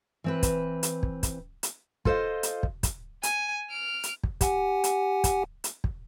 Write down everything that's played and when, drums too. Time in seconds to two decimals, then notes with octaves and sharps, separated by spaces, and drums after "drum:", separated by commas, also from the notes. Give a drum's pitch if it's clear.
0.24 E3 C4 B4
0.43 drum: kick, hi-hat
0.83 drum: hi-hat
1.03 drum: kick
1.23 drum: kick, hi-hat
1.63 drum: hi-hat
2.05 F4 A4 C5 D#5 F5, drum: kick
2.43 drum: hi-hat
2.63 drum: kick
2.83 drum: kick, hi-hat
3.23 G#5, drum: hi-hat
3.71 F6 D7
4.03 drum: hi-hat
4.23 drum: kick
4.41 G4 F#5 G#5, drum: kick, hi-hat
4.84 drum: hi-hat
5.24 drum: kick, hi-hat
5.64 drum: hi-hat
5.84 drum: kick